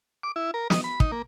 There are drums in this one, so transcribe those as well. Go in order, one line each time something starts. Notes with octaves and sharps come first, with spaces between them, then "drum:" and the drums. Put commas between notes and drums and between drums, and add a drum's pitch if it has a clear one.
D6
E4
A#4
D#5, drum: snare
B5
D#4, drum: kick
A#3